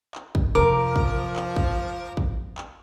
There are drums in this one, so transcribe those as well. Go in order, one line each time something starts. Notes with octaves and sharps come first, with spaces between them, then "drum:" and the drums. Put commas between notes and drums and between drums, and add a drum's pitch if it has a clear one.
drum: clap
drum: kick
F2 C3 F3 A#4 D6
drum: kick
drum: clap
drum: kick
drum: kick
drum: clap